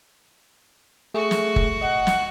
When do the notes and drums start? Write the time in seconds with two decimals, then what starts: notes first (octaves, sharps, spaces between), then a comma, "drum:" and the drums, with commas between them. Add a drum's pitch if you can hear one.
1.14 A3 F#4 G#4
1.31 drum: snare
1.56 drum: kick
1.81 D#5 F#5
2.07 drum: snare